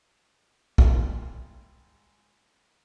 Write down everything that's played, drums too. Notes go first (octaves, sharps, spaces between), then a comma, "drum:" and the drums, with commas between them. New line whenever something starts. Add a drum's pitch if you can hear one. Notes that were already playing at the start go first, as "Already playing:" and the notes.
G#2 D#3 G3 E4 F4, drum: kick